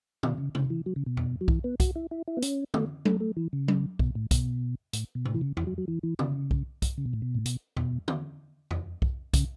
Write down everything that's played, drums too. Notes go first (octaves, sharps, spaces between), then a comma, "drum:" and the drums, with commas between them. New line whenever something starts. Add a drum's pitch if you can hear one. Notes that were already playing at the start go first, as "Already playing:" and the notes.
B2, drum: tom D3
C#3
C#3, drum: tom C3
E3
F#3
C#3
B2
drum: tom E2
F#3
E3, drum: kick B1
B3
F#4, drum: kick B1, hi-hat
E4
E4
E4
B3
C#4, drum: hi-hat
A3, drum: tom D3
A3, drum: tom F#3
A3
E3
C#3
drum: tom F#3
B2, drum: kick B1
A2
B2, drum: kick B1, hi-hat
A2, drum: hi-hat
B2
A2, drum: tom C3
E3
C#3
E3, drum: tom E2
F#3
F#3
E3
E3
C#3, drum: tom D3
drum: kick B1
drum: kick B1, hi-hat
C#3
B2
A2
B2
A2
B2, drum: hi-hat
B2, drum: tom E2
drum: tom D3
drum: tom E2
drum: kick B1
C#3, drum: kick B1, hi-hat